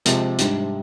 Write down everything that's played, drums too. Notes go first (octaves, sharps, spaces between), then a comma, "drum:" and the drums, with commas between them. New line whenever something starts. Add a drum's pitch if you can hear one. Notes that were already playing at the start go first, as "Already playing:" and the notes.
C3 F3 G#3, drum: hi-hat
G#2 G3 D4, drum: hi-hat